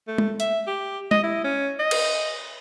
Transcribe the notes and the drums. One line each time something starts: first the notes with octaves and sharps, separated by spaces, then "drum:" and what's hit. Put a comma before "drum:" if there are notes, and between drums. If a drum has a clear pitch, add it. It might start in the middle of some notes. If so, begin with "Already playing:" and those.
A3
drum: tom G#3
E5, drum: hi-hat
G4
D#5, drum: tom G#3
E4
C#4
D#5
drum: cymbal